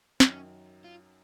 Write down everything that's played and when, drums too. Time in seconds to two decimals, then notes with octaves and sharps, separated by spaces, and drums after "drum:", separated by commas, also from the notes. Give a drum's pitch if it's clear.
0.20 F#2 D#3 F#3 C#4, drum: snare
0.84 F4